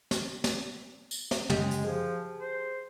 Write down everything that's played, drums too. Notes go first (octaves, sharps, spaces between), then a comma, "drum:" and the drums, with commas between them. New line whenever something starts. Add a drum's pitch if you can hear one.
drum: snare
drum: snare
drum: tambourine
drum: snare
F#2 C#3 G#3 G4 D#5, drum: tom
drum: hi-hat
F3 G#4
C5